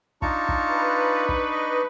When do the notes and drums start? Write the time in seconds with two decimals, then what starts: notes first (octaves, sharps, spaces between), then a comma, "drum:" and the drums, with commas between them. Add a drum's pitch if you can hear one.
0.22 D4 D#4 F4 A5 A#5 C#6, drum: kick
0.49 drum: kick
0.67 B4
1.29 drum: kick
1.52 D#5